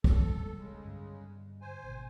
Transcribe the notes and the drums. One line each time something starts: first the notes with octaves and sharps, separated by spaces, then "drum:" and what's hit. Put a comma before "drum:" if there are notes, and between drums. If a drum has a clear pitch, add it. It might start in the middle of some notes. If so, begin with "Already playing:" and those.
G3 A4, drum: kick
C#3 G#3
G2 D3
C5 G#5
G#1 B2